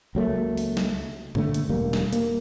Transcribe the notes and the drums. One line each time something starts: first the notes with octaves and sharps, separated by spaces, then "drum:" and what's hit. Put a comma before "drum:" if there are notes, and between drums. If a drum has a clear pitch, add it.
C#2 F#3 A3 A#3
drum: open hi-hat
drum: snare
A#2 D3 A3, drum: tom G2
drum: hi-hat
E1 G3 A#3
drum: snare
A#3, drum: hi-hat